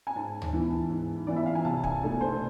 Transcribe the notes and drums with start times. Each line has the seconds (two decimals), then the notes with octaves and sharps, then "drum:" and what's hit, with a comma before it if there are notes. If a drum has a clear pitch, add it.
0.07 G#5
0.16 G#2 A5
0.42 drum: tom D2
0.53 E3 B3 E4
0.90 G#2
1.27 E3 B3 E4 D5
1.36 E5
1.46 F5
1.55 G#5
1.64 C2 A5
1.84 G#5, drum: kick
2.02 B2 A3 D4
2.21 C5